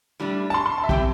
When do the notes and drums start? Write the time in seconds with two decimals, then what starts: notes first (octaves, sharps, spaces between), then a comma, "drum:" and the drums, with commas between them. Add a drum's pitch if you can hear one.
0.20 A2 G3 D4
0.50 A5
0.54 C6
0.66 C6
0.78 A5
0.84 E5
0.89 E3 C4 G4 G5, drum: kick